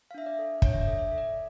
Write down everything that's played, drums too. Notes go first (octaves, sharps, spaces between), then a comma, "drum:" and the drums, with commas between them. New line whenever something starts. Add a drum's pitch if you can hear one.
F5
D4 E5
D5
A4
D4 C#5, drum: kick
E5
D5
A4
E5
A4
D5